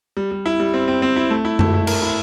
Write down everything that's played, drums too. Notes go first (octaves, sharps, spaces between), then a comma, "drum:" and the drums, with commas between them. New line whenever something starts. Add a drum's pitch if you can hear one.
G3
G3
E4
G3
C4
C4
C4
E4
A3
E4
A3, drum: tom F#2
E4
A#4, drum: cymbal
E4